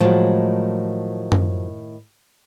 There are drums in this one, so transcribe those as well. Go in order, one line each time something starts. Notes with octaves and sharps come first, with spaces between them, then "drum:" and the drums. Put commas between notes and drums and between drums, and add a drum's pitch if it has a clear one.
A2 D#3 F3 F#3 G#3
drum: tom F#2